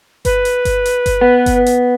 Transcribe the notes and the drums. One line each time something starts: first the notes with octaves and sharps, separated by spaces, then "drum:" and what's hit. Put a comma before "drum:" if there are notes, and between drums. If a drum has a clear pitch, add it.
B4, drum: kick G1, hi-hat
drum: hi-hat
drum: kick G1, hi-hat
drum: hi-hat
drum: kick G1, hi-hat
B3
drum: kick G1, hi-hat
drum: hi-hat